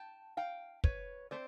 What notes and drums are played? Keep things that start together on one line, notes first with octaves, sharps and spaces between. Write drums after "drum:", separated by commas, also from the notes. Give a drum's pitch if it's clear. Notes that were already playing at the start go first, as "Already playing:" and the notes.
Already playing: G5 A5
F5 G5
B4 C#5, drum: kick
A3 C4 C5 D5